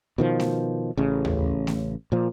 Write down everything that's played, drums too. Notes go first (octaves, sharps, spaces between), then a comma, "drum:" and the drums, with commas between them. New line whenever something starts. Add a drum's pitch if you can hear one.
B2 D#3 F3
drum: snare A3
A1 C#3
drum: tom D#2
drum: snare A3
A#2 F3